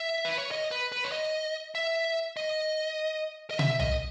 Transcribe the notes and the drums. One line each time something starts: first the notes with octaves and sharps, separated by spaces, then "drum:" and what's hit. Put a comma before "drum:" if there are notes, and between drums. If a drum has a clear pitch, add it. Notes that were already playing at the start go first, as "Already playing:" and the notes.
Already playing: E5
B4
C#5
D#5
B4
B4
C#5
D#5
E5
D#5
D#5
E5, drum: tom
D#5, drum: tom